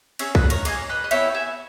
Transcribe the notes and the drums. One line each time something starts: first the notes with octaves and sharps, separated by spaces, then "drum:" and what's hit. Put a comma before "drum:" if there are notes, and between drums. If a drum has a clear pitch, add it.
C#4 G#4 C#5 E5, drum: cymbal
B4 D#5, drum: kick C2
A#4 C#5, drum: cymbal
A#3 E4 G#4 D#5, drum: cymbal
C#5
B4 D#5
D#5
B3 E4 G4 C#5 E5, drum: cymbal
E5 G#5